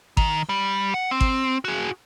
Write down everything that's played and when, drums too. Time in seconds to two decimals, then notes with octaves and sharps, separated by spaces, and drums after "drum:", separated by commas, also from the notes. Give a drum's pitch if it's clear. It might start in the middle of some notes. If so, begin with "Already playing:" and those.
0.17 D#3, drum: kick G#1
0.49 G3
0.94 F#5
1.11 C4
1.21 drum: kick G#1
1.65 F#4 G#4